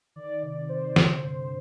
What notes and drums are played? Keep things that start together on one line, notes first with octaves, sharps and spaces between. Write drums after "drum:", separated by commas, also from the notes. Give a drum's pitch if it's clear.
D#3 D5
C3 D5
C3 C5
D3, drum: snare
G2